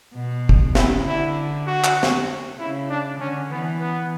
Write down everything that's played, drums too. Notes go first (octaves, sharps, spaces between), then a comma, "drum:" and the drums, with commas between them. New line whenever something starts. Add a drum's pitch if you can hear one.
B2
drum: kick
C#3 E4, drum: snare
D3 E4
F#4
drum: clap
drum: snare
C#3 E4
D4
D3 C#4
E3 B3
B3